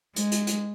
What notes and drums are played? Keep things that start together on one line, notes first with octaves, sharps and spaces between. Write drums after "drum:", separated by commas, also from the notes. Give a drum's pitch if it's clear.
G#3, drum: hi-hat
drum: hi-hat
drum: hi-hat